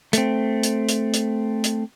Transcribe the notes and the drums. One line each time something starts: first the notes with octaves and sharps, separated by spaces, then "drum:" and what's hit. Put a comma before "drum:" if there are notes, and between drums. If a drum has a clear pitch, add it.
A3 C4, drum: hi-hat
drum: hi-hat
drum: hi-hat
drum: hi-hat
drum: hi-hat